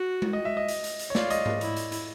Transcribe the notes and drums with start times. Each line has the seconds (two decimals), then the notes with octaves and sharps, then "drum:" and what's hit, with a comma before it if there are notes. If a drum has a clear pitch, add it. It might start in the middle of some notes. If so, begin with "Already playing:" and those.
Already playing: F#4
0.22 drum: tom G#3
0.33 D#5
0.45 E5
0.57 D#5
0.68 drum: hi-hat
0.84 drum: hi-hat
0.99 drum: hi-hat
1.10 C#5
1.15 F4 D5, drum: snare
1.30 D#5, drum: hi-hat
1.46 drum: tom G#2
1.61 E4, drum: hi-hat
1.76 drum: hi-hat
1.92 drum: hi-hat